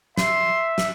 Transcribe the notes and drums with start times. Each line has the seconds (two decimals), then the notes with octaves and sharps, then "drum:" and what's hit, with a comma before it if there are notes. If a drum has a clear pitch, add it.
0.18 E5 C6, drum: snare
0.78 drum: snare